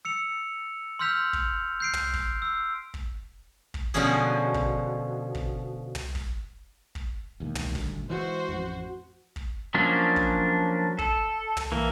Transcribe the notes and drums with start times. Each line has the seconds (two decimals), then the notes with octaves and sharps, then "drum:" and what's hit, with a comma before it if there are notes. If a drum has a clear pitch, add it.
0.05 E6 C#7 F7
0.99 C6 E6 F6 G6 B6 F7
1.33 drum: kick
1.80 G6 C7 D7
1.93 drum: tom
2.13 drum: kick
2.42 E6 C7
2.94 drum: kick
3.74 drum: kick
3.94 B2 D3 F3 C#4 G#4
4.54 drum: kick
5.35 drum: kick
5.95 drum: tom
6.15 drum: kick
6.95 drum: kick
7.40 E1 D#2
7.55 drum: tom
7.75 D#1 D2, drum: kick
8.10 E3 G#3 F#4 C5
8.49 A1 F2
9.36 drum: kick
9.74 F3 F#3 A#3 C#4 D4
10.16 drum: kick
10.99 A4, drum: kick
11.57 drum: tom
11.72 E3 A#3